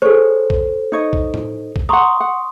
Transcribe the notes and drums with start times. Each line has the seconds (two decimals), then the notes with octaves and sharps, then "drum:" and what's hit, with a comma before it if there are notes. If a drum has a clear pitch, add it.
0.02 G#4 A4 C5 C#5
0.50 drum: kick
0.92 D#4 C#5 D#5
1.13 drum: kick
1.34 drum: tom A2
1.76 drum: kick
1.89 F#5 A#5 C6 C#6 D#6
2.20 F#5